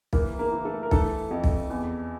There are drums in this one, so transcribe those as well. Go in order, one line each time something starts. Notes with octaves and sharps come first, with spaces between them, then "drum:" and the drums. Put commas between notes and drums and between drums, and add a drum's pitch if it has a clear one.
E3 A#3 A#4, drum: kick
A#3 A#4
E3
A3 A4
A#4
E3 A3 A4, drum: kick
F2
drum: kick
E2